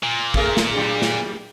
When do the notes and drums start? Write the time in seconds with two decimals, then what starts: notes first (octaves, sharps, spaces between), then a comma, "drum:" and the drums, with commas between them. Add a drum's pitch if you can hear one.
0.03 A#2
0.34 A3 G#4 A#4, drum: kick
0.57 drum: snare
0.74 F#3 G3 D4
1.02 drum: snare